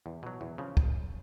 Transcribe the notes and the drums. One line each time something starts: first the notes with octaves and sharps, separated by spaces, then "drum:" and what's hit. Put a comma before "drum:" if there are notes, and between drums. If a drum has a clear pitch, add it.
E2
B2 F#3
E2
C#3 F3
drum: kick